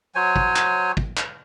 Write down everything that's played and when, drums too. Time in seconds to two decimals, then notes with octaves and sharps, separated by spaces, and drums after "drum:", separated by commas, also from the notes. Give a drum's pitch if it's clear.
0.15 F#3 C5 C#5 G#5
0.36 drum: kick
0.56 drum: clap
0.97 drum: kick
1.17 drum: clap